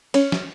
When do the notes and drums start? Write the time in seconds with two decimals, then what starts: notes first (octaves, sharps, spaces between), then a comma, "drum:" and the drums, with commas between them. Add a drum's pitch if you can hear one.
0.14 C#4, drum: cymbal
0.32 drum: snare